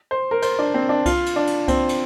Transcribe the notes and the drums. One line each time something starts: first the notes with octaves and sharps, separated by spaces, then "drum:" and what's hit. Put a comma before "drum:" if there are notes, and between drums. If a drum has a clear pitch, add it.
C5
A#4
C5, drum: cymbal
D4
C4
D4
F4, drum: kick C2, cymbal
drum: cymbal
D4
drum: cymbal
C4, drum: kick C2, cymbal
drum: cymbal